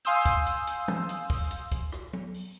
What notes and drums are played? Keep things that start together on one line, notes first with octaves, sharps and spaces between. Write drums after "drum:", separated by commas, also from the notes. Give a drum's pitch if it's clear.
F5 G#5 C6 D#6 E6 G6, drum: hi-hat
drum: kick, hi-hat
drum: hi-hat
drum: hi-hat
drum: tom
drum: hi-hat
drum: kick, open hi-hat
drum: hi-hat
drum: kick, hi-hat
drum: rim click
drum: tom F#3
drum: open hi-hat